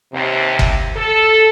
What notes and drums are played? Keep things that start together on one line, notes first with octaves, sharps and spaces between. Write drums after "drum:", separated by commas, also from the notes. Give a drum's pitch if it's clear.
D#2 C3
drum: kick
A4